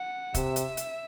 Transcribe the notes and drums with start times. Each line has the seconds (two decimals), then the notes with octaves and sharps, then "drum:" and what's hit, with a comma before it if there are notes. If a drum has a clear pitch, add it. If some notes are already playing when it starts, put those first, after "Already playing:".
Already playing: F#5
0.34 C3 E5, drum: kick, hi-hat
0.56 drum: hi-hat
0.77 drum: hi-hat